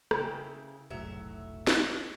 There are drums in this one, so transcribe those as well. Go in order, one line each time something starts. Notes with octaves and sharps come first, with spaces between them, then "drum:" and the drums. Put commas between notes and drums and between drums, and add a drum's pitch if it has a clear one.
C#3 E4 G5, drum: rim click
F1 B1 A2 F#3 E5
drum: snare